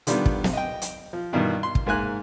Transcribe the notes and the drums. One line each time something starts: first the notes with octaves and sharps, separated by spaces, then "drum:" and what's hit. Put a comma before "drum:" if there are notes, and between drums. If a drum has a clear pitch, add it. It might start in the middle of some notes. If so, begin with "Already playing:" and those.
D3 D#3 G3 B3 F4, drum: hi-hat
drum: kick
drum: snare
D#5 G5
drum: hi-hat
F3
G2 B2 D#3 E3
C6
drum: kick
G#2 A#3 G#5 F#6